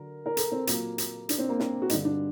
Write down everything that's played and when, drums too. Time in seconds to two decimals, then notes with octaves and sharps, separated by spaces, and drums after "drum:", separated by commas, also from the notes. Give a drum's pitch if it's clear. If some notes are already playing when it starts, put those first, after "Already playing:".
Already playing: D3 F#3 A#4
0.26 A#4
0.37 A4, drum: hi-hat
0.52 C4
0.67 A#2 F#3 A#3, drum: hi-hat
0.98 drum: hi-hat
1.29 D4, drum: hi-hat
1.38 C4
1.49 A#3
1.60 C4, drum: snare
1.82 F#4
1.89 G2 D3 G3 D#4, drum: hi-hat
2.05 D4